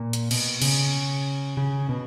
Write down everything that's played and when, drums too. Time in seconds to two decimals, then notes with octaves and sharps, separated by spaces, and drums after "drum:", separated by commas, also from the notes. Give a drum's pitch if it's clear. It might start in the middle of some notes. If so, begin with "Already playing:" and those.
Already playing: A#2
0.13 drum: hi-hat
0.31 B2, drum: cymbal
0.62 C#3, drum: cymbal
1.57 C#3
1.89 B2